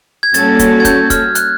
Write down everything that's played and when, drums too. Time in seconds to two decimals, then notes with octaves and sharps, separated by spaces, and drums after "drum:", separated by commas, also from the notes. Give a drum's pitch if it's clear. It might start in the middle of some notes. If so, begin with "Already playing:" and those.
0.23 G#6
0.34 G3 A#3 C#4 F#4 A4 A6, drum: hi-hat
0.59 drum: kick, hi-hat
0.80 G#6
0.85 G6, drum: kick, hi-hat
1.10 F6, drum: kick, hi-hat
1.35 F#6, drum: hi-hat